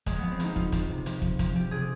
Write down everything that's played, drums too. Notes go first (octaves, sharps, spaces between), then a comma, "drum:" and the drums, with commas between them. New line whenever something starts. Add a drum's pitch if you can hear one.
F3 G#3, drum: kick, hi-hat
F3 B3
C4
F3 D#4, drum: hi-hat
F3 F4, drum: kick
F3, drum: kick, hi-hat
C3
F3, drum: hi-hat
F3, drum: kick
F3, drum: kick, hi-hat
F3 G4
C3 G#4